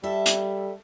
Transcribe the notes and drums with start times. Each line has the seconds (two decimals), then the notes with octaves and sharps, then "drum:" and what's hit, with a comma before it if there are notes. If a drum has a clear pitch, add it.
0.03 G3 A4 E5
0.26 drum: hi-hat